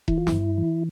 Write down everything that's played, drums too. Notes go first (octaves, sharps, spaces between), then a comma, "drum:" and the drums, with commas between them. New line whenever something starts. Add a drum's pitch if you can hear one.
E3 E4, drum: kick E1
F4
E4, drum: snare
G2
E3